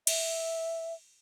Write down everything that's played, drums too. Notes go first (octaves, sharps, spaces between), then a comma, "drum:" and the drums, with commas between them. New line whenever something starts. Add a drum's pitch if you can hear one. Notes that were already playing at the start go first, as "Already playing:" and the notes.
E5, drum: cymbal